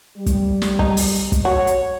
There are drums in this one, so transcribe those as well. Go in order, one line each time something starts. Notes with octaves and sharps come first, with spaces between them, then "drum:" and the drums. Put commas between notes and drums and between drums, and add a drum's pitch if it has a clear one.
G3
drum: kick, hi-hat
drum: snare
D#4, drum: kick
drum: open hi-hat
drum: kick, hi-hat
F#4 C#5
drum: hi-hat